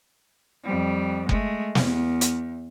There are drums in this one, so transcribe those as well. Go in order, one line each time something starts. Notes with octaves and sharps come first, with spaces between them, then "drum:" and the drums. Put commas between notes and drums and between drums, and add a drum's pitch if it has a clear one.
F2 G3
G#3 A3, drum: kick F#1
E2, drum: snare
drum: hi-hat